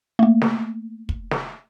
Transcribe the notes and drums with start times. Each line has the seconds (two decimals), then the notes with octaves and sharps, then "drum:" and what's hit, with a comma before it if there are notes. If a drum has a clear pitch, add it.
0.19 A3 A#3
0.41 drum: snare
1.09 drum: kick
1.31 drum: snare